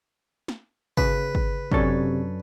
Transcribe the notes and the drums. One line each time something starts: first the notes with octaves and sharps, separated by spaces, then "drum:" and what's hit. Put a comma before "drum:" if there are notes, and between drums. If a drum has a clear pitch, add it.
drum: snare
C#3 B4, drum: kick
drum: kick
F#2 C3 C#4 D4 A4 C#5, drum: kick